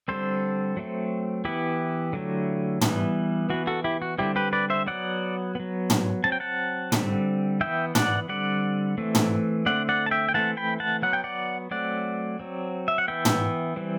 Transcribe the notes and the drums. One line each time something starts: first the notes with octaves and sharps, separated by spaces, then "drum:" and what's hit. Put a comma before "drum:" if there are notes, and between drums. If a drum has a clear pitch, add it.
D3 G3 C4 A4 C5
F#3 A3 C4
E3 B3 E4 G4
D3 F#3 A3
E3 G3 B3, drum: tom
E3 B3 F#4
F#4 A4
E4 G4
F#4
D3 G3 C4 E4 G4
G4 B4
B4 D5
C5 E5
F#3 B3 D5 F#5
F#3 B3
drum: tom
F#3 C4 A5
G5
F#5 A5
D3 G3 C4, drum: tom
E3 B3 E5 G5
D5 F#5, drum: tom
D3 G3 C4 D5 F#5
E3 A3 C4
drum: tom
D3 A3 C4 D5 F#5
D5 F#5
A5
E5 G5
G5
E3 A3 C4 F#5 A5
G5 B5
F#5 A5
F#3 B3 F#5
G5
D5 F#5
F#3 A3 C4 D5 F#5
F#3 C4
E5
F#5
E3 B3 E5 G5
drum: tom
E3 G3 C4